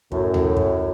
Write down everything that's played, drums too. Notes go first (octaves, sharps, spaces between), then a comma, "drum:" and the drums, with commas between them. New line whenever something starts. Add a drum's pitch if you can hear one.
F#2 A2, drum: kick
drum: tom D#2
drum: kick